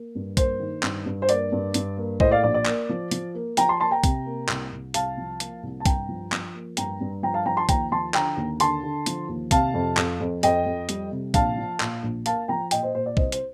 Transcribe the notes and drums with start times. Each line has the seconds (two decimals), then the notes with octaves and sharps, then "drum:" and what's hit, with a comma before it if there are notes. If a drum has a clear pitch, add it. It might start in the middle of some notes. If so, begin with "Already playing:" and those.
Already playing: A#3
0.15 G2
0.37 A#3 C5, drum: kick, hi-hat
0.60 D#3
0.83 G2, drum: clap
1.06 G2
1.22 C5
1.29 A#3 D5, drum: hi-hat
1.52 G2
1.74 G2, drum: hi-hat
1.97 A#3
2.20 A2 C5 D#5, drum: kick
2.31 D5 F5
2.43 A#1 D5
2.54 D5
2.66 A#3, drum: clap
2.89 F3
3.11 F3, drum: hi-hat
3.34 A#3
3.57 F3 G5 A#5, drum: hi-hat
3.69 A5 C6
3.80 A#3 A5 C6
3.91 G5 A#5
4.04 C3, drum: kick, hi-hat
4.26 A#3
4.49 C2, drum: clap
4.72 C2
4.94 C2 F5 A5, drum: hi-hat
5.17 F3
5.40 A#3, drum: hi-hat
5.63 C2
5.80 A5
5.86 G2 G5 A#5, drum: kick, hi-hat
6.09 F3
6.32 F3, drum: clap
6.55 A#3
6.77 G2 G5 A#5, drum: hi-hat
7.01 G2
7.23 F3 G5 A#5
7.34 F5 A5
7.46 F3 G5 A#5
7.57 A5 C6
7.69 D#2 G5 A#5, drum: kick, hi-hat
7.91 F3 A5 C6
8.14 D3 G5 A#5, drum: clap
8.37 D#2
8.60 D3 A5 C6, drum: hi-hat
8.83 D3
9.06 F3, drum: hi-hat
9.28 D#2
9.51 C3 F5 A5, drum: kick, hi-hat
9.74 F2
9.97 F2, drum: clap
10.21 F2
10.43 F2 D#5 G5, drum: hi-hat
10.66 F2
10.89 G3, drum: hi-hat
11.11 C3
11.34 A#1 F5 A5, drum: kick, hi-hat
11.57 F3
11.80 A#2, drum: clap
12.03 A#1
12.26 A#3 F5 A5, drum: hi-hat
12.48 F3 G5 A#5
12.71 A#2 D#5 G5, drum: hi-hat
12.83 C5 D#5
12.94 A#2 C5
13.06 D5
13.17 C2 C5 D#5, drum: kick
13.32 C5, drum: hi-hat